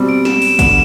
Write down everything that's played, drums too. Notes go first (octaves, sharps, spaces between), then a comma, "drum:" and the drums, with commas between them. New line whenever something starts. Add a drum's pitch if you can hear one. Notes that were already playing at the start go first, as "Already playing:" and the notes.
Already playing: B2 G3 C4
D7
E7, drum: snare
E7, drum: open hi-hat
D3 G3 B3 E7, drum: kick G#1, hi-hat